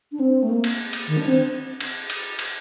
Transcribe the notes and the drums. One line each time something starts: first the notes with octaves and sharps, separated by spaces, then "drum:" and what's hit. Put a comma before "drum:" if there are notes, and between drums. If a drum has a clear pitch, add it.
D4
C4
A3
A#3
drum: cymbal
drum: cymbal
D#3
D4
C4
drum: cymbal
drum: cymbal
drum: cymbal